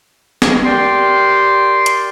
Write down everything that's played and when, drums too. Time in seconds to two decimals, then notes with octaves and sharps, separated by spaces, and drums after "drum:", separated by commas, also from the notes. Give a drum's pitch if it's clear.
0.42 drum: snare
0.64 G4 A#4 D5 G5 C6
1.86 drum: hi-hat